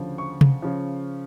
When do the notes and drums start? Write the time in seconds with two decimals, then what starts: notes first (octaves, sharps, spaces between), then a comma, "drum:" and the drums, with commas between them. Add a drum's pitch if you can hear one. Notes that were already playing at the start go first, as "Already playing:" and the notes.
Already playing: D2 C#3 F3
0.18 C#6
0.41 drum: tom C3
0.62 C#3 F3